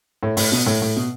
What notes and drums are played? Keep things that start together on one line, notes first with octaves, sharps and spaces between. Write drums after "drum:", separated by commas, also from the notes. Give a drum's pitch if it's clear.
A2
A2, drum: open hi-hat
B2
A2
A2
B2